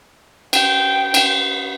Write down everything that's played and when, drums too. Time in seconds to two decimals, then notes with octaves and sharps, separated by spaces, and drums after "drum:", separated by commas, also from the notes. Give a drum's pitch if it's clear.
0.53 G5, drum: cymbal
1.14 drum: cymbal